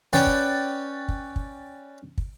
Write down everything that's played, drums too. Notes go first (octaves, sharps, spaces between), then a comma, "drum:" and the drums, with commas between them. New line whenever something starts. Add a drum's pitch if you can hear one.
C#4 B4 D5 F#5 G5 A5
drum: kick
drum: kick
drum: kick
drum: kick